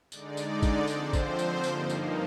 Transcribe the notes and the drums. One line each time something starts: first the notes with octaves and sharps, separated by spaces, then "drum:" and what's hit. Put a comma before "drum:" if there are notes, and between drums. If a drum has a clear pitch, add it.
D3 G#3 D#4 D5, drum: tambourine
drum: tambourine
drum: kick, tambourine
D3 F3 C4 C5, drum: tambourine
drum: kick, tambourine
drum: tambourine
G2 F3 A#3 D#4, drum: tambourine
drum: tambourine